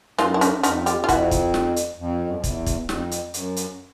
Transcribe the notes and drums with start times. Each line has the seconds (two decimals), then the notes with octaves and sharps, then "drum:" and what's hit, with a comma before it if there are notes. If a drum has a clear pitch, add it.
0.18 F#2 D#4 F4, drum: snare
0.34 E4
0.41 C#4 D#4, drum: hi-hat
0.63 F2 C#4 D#4, drum: hi-hat
0.86 F4 G4, drum: hi-hat
1.04 F4
1.09 F2 E4 F#4, drum: kick, hi-hat
1.31 drum: kick, hi-hat
1.54 drum: snare
1.76 drum: hi-hat
1.98 F2
2.25 F#2
2.34 F2
2.44 E2, drum: kick, hi-hat
2.66 drum: kick, hi-hat
2.89 F2, drum: snare
3.11 drum: hi-hat
3.34 F#2, drum: hi-hat
3.56 drum: hi-hat